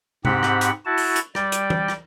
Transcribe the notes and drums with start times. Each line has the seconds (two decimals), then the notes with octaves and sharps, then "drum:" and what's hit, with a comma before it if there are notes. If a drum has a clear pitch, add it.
0.25 G#2 C4 G4 F#5 B5, drum: tom C3
0.43 drum: rim click
0.61 drum: hi-hat
0.85 E4 F#4 A5
0.97 drum: open hi-hat
1.16 drum: hi-hat
1.35 G3 D5 G5, drum: rim click
1.52 drum: hi-hat
1.70 drum: tom
1.88 drum: rim click